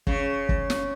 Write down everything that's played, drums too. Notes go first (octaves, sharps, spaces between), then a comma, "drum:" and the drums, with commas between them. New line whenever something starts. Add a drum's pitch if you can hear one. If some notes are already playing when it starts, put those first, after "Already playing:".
C#3, drum: kick
drum: kick
drum: snare